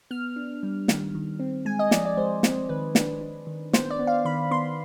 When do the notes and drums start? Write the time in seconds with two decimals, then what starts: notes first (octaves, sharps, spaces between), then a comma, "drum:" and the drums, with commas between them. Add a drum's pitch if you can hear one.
0.11 B3 F6
0.36 D4
0.63 G3
0.88 D#3, drum: snare
1.15 D#3
1.40 C4
1.65 G#3 G#5
1.79 D#5
1.91 F3 D5, drum: snare
2.05 D5
2.17 G#3 C5
2.43 C4, drum: snare
2.69 D#3 B4
2.95 D4, drum: snare
3.21 D4
3.47 D#3
3.73 B3 C5, drum: snare
3.90 D5
3.99 B3
4.07 F5
4.25 D#3 B5
4.51 B3 C6